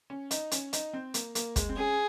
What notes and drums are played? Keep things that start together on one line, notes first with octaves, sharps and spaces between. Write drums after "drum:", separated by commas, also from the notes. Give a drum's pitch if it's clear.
C#4
D#4, drum: hi-hat
C#4, drum: hi-hat
D#4, drum: hi-hat
C4
A#3, drum: hi-hat
A#3, drum: hi-hat
G#3, drum: kick, hi-hat
C4
C#4 G#4